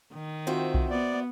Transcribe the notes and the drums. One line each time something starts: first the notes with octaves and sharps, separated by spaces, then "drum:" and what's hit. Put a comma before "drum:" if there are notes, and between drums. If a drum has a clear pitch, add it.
D#3
C4 F4 F#4 C5 E5
drum: kick B1
B3 D5